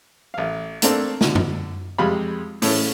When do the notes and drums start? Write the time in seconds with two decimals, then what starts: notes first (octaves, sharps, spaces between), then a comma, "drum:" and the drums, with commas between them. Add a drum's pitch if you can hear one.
0.34 A1 F5
0.82 A3 A#3 C4 D4 A4, drum: hi-hat
1.21 B2 D3, drum: snare
1.35 drum: tom F#2
1.98 F2 G3 G#3 F5 B5
2.62 A2 A3 C#4, drum: open hi-hat